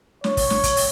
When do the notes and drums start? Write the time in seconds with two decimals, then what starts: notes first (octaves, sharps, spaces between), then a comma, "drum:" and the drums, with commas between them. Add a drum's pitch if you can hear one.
0.24 C#5, drum: snare
0.37 drum: kick, open hi-hat
0.50 drum: snare
0.63 drum: kick, hi-hat
0.77 drum: open hi-hat